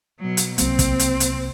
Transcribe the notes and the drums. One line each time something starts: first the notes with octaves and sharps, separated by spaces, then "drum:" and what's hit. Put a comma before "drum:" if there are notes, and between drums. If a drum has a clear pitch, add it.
B2 F#3
drum: hi-hat
C2 F#3 A#3 C4, drum: hi-hat
drum: kick, hi-hat
drum: hi-hat
drum: hi-hat